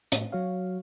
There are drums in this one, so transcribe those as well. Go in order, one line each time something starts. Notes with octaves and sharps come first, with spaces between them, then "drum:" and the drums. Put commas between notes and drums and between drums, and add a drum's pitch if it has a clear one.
A2, drum: hi-hat
F#3 F#4 C#5 F5